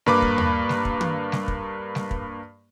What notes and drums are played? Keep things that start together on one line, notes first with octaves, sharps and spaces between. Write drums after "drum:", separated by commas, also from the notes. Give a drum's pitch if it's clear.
G2 A#3 B4 B5 D6, drum: snare G3
drum: kick
drum: tom D#2
drum: snare G3
drum: kick
drum: tom
drum: snare G3
drum: kick
drum: snare G3
drum: kick